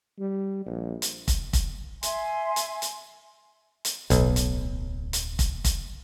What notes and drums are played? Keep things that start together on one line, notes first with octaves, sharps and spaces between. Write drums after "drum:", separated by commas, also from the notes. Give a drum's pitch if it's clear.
G3
A#1
drum: hi-hat
drum: kick, hi-hat
drum: kick, hi-hat
E5 G#5 C6, drum: hi-hat
drum: hi-hat
drum: hi-hat
drum: hi-hat
D1 B1 A3, drum: hi-hat
drum: hi-hat
drum: hi-hat
drum: kick, hi-hat
drum: kick, hi-hat